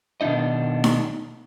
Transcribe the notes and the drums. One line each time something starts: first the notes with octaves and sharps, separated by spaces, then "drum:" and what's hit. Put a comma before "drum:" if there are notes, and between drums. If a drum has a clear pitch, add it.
B2 D#3 D4 D#4 D#5
drum: snare D#4